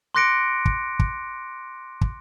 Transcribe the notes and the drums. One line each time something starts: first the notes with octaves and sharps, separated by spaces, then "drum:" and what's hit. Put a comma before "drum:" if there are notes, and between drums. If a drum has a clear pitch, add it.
C6 D6 F#6 A#6 C#7 D7
drum: kick
drum: kick
drum: kick